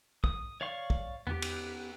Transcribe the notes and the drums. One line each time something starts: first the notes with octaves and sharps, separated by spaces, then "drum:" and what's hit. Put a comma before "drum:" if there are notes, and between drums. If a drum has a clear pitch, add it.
D#6, drum: kick
C#5 D5 F5 C#6
drum: kick
B3 G4, drum: tom E2
drum: cymbal